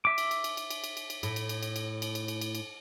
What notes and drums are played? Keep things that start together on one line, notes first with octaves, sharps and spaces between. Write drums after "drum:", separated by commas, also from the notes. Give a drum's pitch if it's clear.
E5 D6
drum: cymbal
drum: cymbal
drum: cymbal
drum: cymbal
drum: cymbal
drum: cymbal
drum: cymbal
drum: cymbal
A2, drum: cymbal
drum: cymbal
drum: cymbal
drum: cymbal
drum: cymbal
drum: cymbal
drum: cymbal
drum: cymbal
drum: cymbal
drum: cymbal